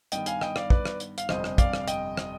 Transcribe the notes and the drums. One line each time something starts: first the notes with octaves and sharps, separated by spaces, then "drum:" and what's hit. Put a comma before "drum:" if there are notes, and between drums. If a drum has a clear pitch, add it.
G2 D#3 B3 D#5 G5, drum: hi-hat
F5 G#5, drum: hi-hat
D#5 G5, drum: rim click
D5 F5, drum: rim click
B4 D5, drum: kick
drum: rim click
drum: hi-hat
F5, drum: hi-hat
G1 F2 C3 G3 C5 D#5, drum: rim click
drum: rim click
D5 F5, drum: kick, hi-hat
drum: rim click
D#5 G5, drum: hi-hat
drum: rim click